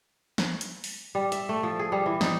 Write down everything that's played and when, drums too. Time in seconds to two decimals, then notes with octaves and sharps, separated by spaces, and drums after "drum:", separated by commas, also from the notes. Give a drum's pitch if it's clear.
0.38 drum: snare
0.61 drum: hi-hat
0.84 drum: open hi-hat
1.15 G3
1.32 E5, drum: hi-hat
1.49 A3
1.63 F3
1.79 G#4
1.92 G3
2.06 E3
2.21 D#4, drum: snare